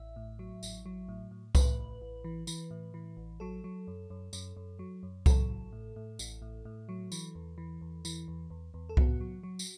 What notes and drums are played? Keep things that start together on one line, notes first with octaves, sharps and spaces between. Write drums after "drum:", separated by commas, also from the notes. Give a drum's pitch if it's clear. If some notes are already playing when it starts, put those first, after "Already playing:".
Already playing: A1 E5
A2
F#3
A1, drum: tambourine
F#3
A2
A2
A2 B4, drum: kick C2, tambourine
A1
A1
E3
E3, drum: tambourine
A2
E3
A1
F#3 A4
F#3
F#2
F#2
F#2, drum: tambourine
F#2
F#3
F#2
F#3 A4, drum: kick C2, tambourine
A1
A2
A2
A1, drum: tambourine
A2
A2
F#3
E3, drum: tambourine
E2
E3
E2
E3, drum: tambourine
E2
E2
E2
A4
B3 F#4, drum: kick C2
F#3
F#3
drum: tambourine